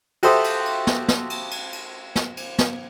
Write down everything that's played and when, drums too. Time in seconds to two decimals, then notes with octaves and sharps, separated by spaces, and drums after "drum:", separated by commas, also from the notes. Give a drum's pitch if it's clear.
0.23 F#4 G4 A4 C5 E5 D#6, drum: cymbal
0.44 drum: cymbal
0.66 drum: cymbal
0.87 drum: snare
1.08 drum: snare
1.30 drum: cymbal
1.51 drum: cymbal
1.73 drum: cymbal
2.16 drum: snare
2.37 drum: cymbal
2.58 drum: snare